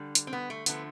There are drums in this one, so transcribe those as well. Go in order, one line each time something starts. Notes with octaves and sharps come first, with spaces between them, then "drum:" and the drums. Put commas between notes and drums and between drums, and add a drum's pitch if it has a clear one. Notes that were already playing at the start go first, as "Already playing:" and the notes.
Already playing: D3 G3
drum: hi-hat
C4
B3
A3
D3 F3 A3 B3, drum: hi-hat